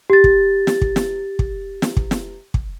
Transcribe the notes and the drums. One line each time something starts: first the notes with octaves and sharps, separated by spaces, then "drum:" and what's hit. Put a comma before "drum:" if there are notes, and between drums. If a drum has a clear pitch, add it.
G4 A6
drum: kick
drum: snare
drum: kick
drum: snare
drum: kick
drum: snare
drum: kick
drum: snare
drum: kick